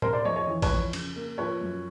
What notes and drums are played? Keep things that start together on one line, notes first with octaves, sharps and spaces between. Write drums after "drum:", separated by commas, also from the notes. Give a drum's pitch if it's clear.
C3 A#4 C5, drum: tom A2
C5 D5
F2 C#5 D#5
C#5 D#5
E3
B4 C#5, drum: kick, cymbal
F2
C#3, drum: cymbal
A#3
F3 B4 C#5
F#2